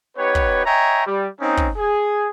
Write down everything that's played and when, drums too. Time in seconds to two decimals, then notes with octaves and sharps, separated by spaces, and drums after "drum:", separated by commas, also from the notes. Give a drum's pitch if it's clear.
0.17 B3 D#4 G4 B4 C#5
0.35 drum: kick
0.66 C#5 D#5 E5 G5 G#5 A#5
1.07 G3
1.40 A#3 C4 C#4 D#4
1.57 drum: kick
1.76 G#4